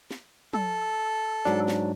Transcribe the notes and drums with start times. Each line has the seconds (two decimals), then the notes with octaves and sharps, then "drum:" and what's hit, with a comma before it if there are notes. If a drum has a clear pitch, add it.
0.11 drum: snare
0.53 A4, drum: tom
1.45 G#2 F#3 D4, drum: snare
1.68 drum: snare